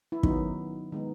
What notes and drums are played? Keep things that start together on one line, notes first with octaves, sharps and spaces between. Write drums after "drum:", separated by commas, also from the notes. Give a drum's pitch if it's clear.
E4
D#3 F#3 B3 D#4, drum: kick
D#3 G#3 B3 D#4